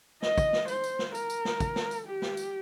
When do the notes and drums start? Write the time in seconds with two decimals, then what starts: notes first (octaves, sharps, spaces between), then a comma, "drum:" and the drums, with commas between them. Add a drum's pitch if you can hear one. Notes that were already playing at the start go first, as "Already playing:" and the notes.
0.22 D#5, drum: snare
0.38 drum: kick, tambourine
0.53 drum: snare
0.68 C5, drum: tambourine
0.84 drum: tambourine
0.99 drum: snare
1.15 A#4, drum: tambourine
1.30 drum: tambourine
1.45 drum: snare
1.60 drum: kick, tambourine
1.76 drum: snare
1.91 drum: tambourine
2.07 G4
2.22 drum: snare
2.37 drum: tambourine